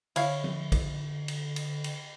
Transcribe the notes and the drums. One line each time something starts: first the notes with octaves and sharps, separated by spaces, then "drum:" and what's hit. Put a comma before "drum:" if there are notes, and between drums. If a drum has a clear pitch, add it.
D3 E4 C#5 F5, drum: cymbal
drum: tom F3
drum: kick, cymbal
drum: cymbal
drum: cymbal
drum: cymbal